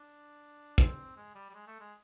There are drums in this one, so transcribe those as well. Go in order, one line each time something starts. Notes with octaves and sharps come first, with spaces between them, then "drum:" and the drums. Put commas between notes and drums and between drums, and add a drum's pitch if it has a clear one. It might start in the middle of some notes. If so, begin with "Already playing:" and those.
Already playing: D4
C4, drum: kick
G#3
G3
G3
G#3
A3
G#3